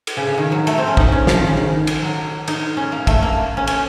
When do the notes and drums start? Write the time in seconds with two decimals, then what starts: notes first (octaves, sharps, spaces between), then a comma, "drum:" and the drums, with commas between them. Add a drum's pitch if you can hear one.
0.07 drum: cymbal
0.17 C#3
0.27 C#3
0.38 D#3
0.52 F#3
0.67 A3, drum: cymbal
0.78 C4
0.87 C#4
0.97 D#4, drum: kick
1.12 C#4
1.27 F3, drum: snare
1.37 D#3
1.47 C#3
1.57 D#3
1.87 drum: cymbal
2.02 F#3
2.48 D#4, drum: cymbal
2.77 C#4
2.92 A#3
3.07 A3, drum: kick, cymbal
3.22 A#3
3.57 C#4
3.67 C#4, drum: cymbal